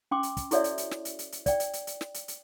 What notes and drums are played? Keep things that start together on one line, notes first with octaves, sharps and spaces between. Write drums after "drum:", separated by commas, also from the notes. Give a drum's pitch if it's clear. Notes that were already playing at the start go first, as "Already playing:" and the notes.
C#4 G5 C6 D6
drum: hi-hat
drum: kick, hi-hat
E4 F#4 A4 C#5 D5 E5, drum: hi-hat
drum: hi-hat
drum: hi-hat
drum: snare
drum: hi-hat
drum: hi-hat
drum: hi-hat
D5 G5, drum: kick, hi-hat
drum: hi-hat
drum: hi-hat
drum: hi-hat
drum: snare
drum: hi-hat
drum: hi-hat